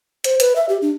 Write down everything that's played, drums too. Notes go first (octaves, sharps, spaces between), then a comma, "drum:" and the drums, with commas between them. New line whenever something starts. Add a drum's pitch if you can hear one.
C5, drum: hi-hat
B4, drum: hi-hat
E5
G4
D4